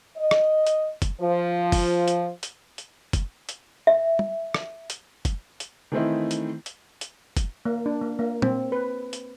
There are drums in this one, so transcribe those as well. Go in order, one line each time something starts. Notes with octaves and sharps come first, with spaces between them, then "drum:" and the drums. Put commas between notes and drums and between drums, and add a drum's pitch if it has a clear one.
D#5
drum: rim click
drum: hi-hat
drum: kick, hi-hat
F3
drum: kick, open hi-hat
drum: hi-hat
drum: hi-hat
drum: hi-hat
drum: kick, hi-hat
drum: hi-hat
E5
drum: tom
drum: rim click
drum: hi-hat
drum: kick, hi-hat
drum: hi-hat
D#3 E3 A3 C4 D#4 E4
drum: hi-hat
drum: hi-hat
drum: hi-hat
drum: kick, hi-hat
A#3
D4
A#3
A#3
C4, drum: tom A#2
B4
drum: hi-hat